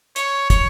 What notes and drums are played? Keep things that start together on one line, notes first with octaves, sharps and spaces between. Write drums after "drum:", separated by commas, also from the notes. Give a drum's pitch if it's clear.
C#5, drum: hi-hat
C#5, drum: kick, hi-hat